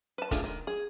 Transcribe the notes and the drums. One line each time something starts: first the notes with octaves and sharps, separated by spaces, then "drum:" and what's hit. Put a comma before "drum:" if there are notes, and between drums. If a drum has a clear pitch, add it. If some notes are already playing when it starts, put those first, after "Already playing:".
B4 A5
A3 D4 F4 G#4 A4, drum: kick, hi-hat
D#3
G#4